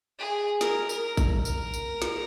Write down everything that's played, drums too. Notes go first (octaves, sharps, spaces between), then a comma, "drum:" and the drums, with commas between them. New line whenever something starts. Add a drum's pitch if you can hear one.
G#4
A#4, drum: snare
A#4, drum: tambourine
drum: kick A1, tambourine
A#4, drum: tambourine
drum: tambourine
drum: snare